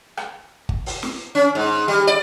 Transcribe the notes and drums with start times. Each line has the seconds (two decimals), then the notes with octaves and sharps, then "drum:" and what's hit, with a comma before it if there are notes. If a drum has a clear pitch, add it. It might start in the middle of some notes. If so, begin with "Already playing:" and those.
0.17 drum: rim click
0.69 drum: kick G1
0.86 drum: open hi-hat
1.03 drum: snare
1.35 C#4
1.55 G#2
1.88 G3
2.07 D5